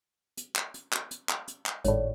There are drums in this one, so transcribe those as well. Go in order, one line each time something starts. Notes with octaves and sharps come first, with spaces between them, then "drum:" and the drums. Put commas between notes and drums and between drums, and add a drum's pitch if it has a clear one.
drum: hi-hat
drum: clap
drum: hi-hat
drum: clap
drum: hi-hat
drum: clap
drum: hi-hat
drum: clap
G#1 A2 C#5 D5, drum: hi-hat